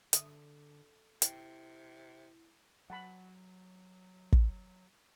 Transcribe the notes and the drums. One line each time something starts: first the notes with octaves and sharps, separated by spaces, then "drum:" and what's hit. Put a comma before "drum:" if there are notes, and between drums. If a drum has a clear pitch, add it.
D3 E5 D#6, drum: hi-hat
C3 E4 G5, drum: hi-hat
F#3 F#5 A5 B5
drum: kick